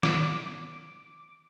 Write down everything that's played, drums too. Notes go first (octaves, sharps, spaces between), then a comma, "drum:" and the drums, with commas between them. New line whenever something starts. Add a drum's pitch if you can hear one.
D6, drum: snare